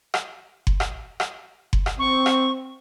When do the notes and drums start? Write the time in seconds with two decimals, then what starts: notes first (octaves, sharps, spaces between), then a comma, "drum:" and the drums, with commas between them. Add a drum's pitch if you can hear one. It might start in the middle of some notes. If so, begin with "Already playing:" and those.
0.14 drum: rim click
0.67 drum: kick F#1
0.80 drum: rim click
1.20 drum: rim click
1.73 drum: kick F#1
1.86 drum: rim click
1.99 C4 C#6
2.26 drum: rim click